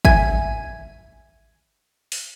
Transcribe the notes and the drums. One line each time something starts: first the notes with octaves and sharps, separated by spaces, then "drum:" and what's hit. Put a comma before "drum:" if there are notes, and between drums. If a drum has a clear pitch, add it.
E5 G#5 G#6, drum: kick
drum: open hi-hat